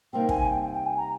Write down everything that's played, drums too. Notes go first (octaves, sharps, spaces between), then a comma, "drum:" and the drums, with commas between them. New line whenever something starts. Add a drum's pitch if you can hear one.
C3 G3 A#3 D#4 G5
G#5, drum: kick
G5
G5
G5
G#5
A#5